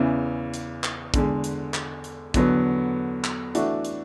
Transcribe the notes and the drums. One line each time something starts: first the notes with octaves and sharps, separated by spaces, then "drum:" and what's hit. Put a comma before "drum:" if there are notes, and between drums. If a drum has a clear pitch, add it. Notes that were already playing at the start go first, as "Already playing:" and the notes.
Already playing: E2 C#3 E3
drum: hi-hat
drum: clap
E2 D3 G#3, drum: kick, hi-hat
drum: hi-hat
drum: clap
drum: hi-hat
E2 D3 F#3 B3, drum: kick, hi-hat
drum: clap
E3 A3 D4 F#4, drum: hi-hat
drum: hi-hat